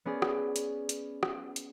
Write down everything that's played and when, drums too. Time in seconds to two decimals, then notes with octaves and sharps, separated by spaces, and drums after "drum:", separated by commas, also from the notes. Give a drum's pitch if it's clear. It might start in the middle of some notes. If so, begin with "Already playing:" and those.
0.05 B3 C#4 G#4 D5
0.22 drum: rim click
0.56 drum: hi-hat
0.89 drum: hi-hat
1.23 drum: rim click
1.56 drum: hi-hat